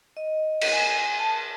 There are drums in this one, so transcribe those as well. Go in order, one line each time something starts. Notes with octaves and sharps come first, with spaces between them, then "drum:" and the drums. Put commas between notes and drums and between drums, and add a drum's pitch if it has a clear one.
D#5
drum: cymbal
G#5
A5